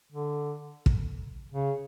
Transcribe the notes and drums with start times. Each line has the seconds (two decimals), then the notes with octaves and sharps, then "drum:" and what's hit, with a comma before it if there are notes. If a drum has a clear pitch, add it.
0.12 D3
0.86 drum: kick
1.52 C#3